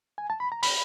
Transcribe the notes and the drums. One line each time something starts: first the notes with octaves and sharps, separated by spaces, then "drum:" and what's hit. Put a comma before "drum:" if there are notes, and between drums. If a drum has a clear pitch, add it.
G#5
A5
B5
A#5
B5, drum: open hi-hat